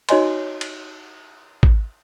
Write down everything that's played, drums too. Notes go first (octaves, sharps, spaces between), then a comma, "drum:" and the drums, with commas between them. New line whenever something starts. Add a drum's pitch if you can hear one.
D#4 F#4 C#5 D#5 G#5 C6, drum: cymbal
drum: cymbal
drum: kick